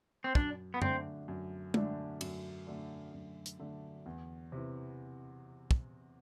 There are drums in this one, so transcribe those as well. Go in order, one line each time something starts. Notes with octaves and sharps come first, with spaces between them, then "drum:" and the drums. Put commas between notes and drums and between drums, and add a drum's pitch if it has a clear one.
C4
F#2 D4, drum: kick
B3
D3 A3 C4 D4, drum: tom F#2
F#2
D3 A3 D4, drum: tom
F#2, drum: cymbal
D3 A3 D4
F#2
drum: hi-hat
D3 A3 D4
E2
C3 E3
drum: kick